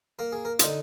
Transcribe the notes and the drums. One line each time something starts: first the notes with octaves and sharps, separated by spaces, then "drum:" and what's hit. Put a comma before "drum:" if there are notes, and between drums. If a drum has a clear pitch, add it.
A#3 A#4
G#4
A#4
F4, drum: hi-hat
D3 D#4